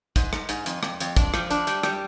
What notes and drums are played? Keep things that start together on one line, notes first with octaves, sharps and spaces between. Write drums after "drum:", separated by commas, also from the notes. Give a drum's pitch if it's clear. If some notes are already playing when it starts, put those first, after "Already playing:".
G#2, drum: kick, hi-hat
G#2, drum: rim click
G#2, drum: hi-hat
F2, drum: hi-hat
F2, drum: rim click
F2, drum: hi-hat
D4, drum: kick, hi-hat
F3, drum: rim click
D4, drum: hi-hat
G3, drum: hi-hat
G3, drum: rim click